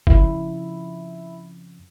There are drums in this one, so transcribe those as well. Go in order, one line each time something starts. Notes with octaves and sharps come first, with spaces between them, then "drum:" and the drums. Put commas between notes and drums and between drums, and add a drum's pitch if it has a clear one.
F2 C#3 F3 E4, drum: kick G1